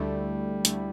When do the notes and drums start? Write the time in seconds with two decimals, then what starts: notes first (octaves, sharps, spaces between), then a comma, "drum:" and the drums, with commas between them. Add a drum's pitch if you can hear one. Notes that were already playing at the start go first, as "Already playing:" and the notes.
Already playing: D2 D3 G3 A3 E4
0.65 D2 D3 A3 E4, drum: hi-hat